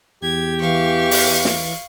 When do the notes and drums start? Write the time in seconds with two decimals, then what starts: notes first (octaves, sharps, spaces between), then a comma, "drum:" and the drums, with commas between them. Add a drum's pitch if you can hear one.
0.23 E2 G4 G#6
0.61 E3 F5 C#6
1.11 drum: open hi-hat
1.45 drum: snare